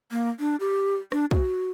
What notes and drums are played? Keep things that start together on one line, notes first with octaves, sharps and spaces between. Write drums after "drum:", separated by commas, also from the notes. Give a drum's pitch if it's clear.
A#3
D4
G4
D4, drum: rim click
F#4, drum: kick